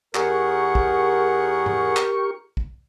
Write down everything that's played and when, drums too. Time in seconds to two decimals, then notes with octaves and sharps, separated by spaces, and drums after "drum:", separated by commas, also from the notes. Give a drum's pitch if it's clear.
0.15 E2 G4 G#4 A#4 F#5 C#6, drum: clap
0.75 drum: kick
1.66 drum: tom G#2
1.96 drum: clap
2.57 drum: kick